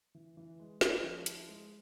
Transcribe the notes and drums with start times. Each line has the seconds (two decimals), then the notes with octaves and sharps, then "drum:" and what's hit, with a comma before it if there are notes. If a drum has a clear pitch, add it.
0.15 E3
0.37 E3
0.60 G#3
0.81 C#4, drum: snare
1.04 F3
1.26 E4, drum: hi-hat
1.49 G#3